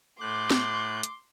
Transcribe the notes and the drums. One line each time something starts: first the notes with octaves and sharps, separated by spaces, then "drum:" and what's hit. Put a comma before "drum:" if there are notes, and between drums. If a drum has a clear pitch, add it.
A2 C6 D6 F#6 G6
drum: snare B3
drum: hi-hat